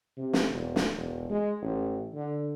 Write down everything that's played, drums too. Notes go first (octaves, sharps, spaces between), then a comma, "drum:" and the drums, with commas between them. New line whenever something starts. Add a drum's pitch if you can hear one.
C3
drum: snare
E1
drum: snare
E1
G#3
A1
D3